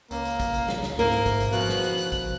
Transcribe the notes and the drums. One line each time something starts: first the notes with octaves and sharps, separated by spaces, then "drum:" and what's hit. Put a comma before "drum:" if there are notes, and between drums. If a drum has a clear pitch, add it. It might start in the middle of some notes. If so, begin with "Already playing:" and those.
C#2 A#3, drum: tambourine
drum: tambourine
drum: kick, tambourine
drum: tambourine
drum: snare
drum: snare
G#2 A#3 E4 A#4, drum: tambourine
drum: tambourine
drum: kick, tambourine
drum: tambourine
B2 F3 F#6, drum: tambourine
drum: snare
drum: tambourine
drum: tambourine
drum: kick, tambourine